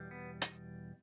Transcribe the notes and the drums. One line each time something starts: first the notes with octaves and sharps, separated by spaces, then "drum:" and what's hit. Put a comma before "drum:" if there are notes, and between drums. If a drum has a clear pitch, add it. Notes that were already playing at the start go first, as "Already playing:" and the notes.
Already playing: E2 B2 G3
B3
D#4, drum: hi-hat